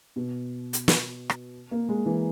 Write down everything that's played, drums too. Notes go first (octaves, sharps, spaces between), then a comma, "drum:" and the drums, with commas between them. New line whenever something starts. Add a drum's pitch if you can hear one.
B2
drum: hi-hat
drum: snare
drum: rim click
A#3
G#3
E3